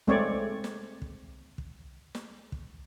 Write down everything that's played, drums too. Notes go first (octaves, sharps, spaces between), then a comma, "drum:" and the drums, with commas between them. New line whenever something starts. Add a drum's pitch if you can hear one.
G#3 A3 C4 C#5 D5, drum: kick
drum: snare
drum: kick
drum: kick
drum: snare
drum: kick